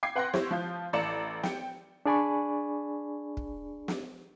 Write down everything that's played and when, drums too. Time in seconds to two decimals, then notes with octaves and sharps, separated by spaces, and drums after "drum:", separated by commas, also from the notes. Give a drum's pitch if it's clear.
0.03 G5 D6 G#6 C7
0.16 B4 F#5 G5 C6 F#6 A#6
0.34 E4 G4 C5 C#5, drum: snare
0.51 F3 F4 G6
0.93 A1 A4 D5 A#5 C#7 E7
1.43 G5 C#7, drum: snare
2.06 D4 G#4 D5 G#5 B5 C#6
3.37 drum: kick
3.88 drum: snare